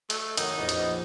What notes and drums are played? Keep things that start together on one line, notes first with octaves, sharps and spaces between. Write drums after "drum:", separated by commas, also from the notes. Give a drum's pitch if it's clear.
A3 D#5, drum: hi-hat
F#2 D#3 D#4 E5 F#5, drum: hi-hat
A#1 F2 B3 C#4 E4 F#4 D#5
drum: hi-hat